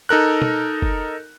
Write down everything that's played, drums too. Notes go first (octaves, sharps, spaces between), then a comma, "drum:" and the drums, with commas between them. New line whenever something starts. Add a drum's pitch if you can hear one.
D#4 A4 A#4 F#6
drum: tom
drum: kick